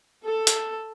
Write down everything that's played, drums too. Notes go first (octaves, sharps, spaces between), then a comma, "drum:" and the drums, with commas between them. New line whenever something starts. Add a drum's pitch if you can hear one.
A4
drum: hi-hat